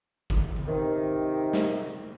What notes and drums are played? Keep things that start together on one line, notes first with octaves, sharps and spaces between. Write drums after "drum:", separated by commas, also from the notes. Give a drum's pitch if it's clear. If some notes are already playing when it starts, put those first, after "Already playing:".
drum: kick G1
drum: tom D#3
C3 D#3
drum: snare